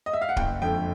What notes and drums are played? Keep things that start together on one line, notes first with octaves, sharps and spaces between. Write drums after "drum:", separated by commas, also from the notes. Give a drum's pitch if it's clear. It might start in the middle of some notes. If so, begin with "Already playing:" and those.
D#5
E5
F5
F#5
F#1 G5, drum: kick D1
F2 D3 G5